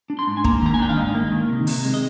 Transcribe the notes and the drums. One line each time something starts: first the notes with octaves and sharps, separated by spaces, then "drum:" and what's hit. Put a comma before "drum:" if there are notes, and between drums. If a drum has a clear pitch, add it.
D4
C6
G#2
G#5
A#3 A#5, drum: kick
D#3 A#5
G#5
D4 G5
F5
G#2 D#5
A#3
D#3
C3
C3, drum: open hi-hat
G#3
D#5